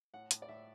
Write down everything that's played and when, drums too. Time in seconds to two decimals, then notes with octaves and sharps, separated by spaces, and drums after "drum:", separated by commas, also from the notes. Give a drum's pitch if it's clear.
0.14 A2 F#5
0.31 A2, drum: hi-hat
0.42 D5
0.48 A2 E5